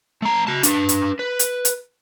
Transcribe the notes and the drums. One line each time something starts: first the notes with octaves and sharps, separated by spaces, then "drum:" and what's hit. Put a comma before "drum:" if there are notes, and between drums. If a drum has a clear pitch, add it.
A3 A#5
F#4 A5
D4 B4, drum: hi-hat
drum: hi-hat
B4
drum: hi-hat
drum: hi-hat